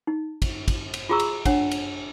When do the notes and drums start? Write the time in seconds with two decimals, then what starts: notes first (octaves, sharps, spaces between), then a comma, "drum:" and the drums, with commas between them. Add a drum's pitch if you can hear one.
0.07 D#4
0.42 drum: kick, cymbal
0.68 drum: kick, cymbal
0.94 drum: cymbal
1.09 F4 F#4 G#4 A#5 C#6 E6
1.20 drum: cymbal
1.45 D4 C#5 F#5, drum: kick, cymbal
1.71 drum: cymbal